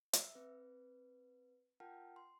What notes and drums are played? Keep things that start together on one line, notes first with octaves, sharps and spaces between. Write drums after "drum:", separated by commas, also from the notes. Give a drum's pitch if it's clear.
E5 E6, drum: hi-hat
C4 B4
F4 A#4 F#5 G5 A5 F6
C6